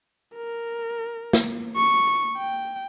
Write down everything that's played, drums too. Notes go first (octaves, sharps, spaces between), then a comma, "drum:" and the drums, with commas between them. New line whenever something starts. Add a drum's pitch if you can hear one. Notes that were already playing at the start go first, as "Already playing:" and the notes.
A#4
drum: snare
C#6
G5